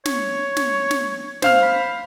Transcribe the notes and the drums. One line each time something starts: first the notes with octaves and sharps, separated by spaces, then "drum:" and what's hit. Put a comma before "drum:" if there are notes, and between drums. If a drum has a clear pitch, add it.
C#5, drum: snare
drum: snare
drum: snare
C5 F5 F6, drum: snare
B5